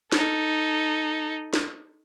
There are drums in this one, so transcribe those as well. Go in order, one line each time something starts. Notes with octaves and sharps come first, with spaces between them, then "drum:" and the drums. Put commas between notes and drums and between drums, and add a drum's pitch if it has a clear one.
D#4 A4, drum: snare
drum: snare